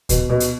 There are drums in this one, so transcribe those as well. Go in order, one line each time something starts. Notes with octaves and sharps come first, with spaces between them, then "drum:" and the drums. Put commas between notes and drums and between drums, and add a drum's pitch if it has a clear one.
B2, drum: kick D2, hi-hat
B2
drum: hi-hat